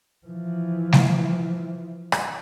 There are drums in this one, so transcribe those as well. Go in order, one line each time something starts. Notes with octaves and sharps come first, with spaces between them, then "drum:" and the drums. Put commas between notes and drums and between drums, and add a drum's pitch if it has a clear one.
E3 F3
drum: snare G3
drum: rim click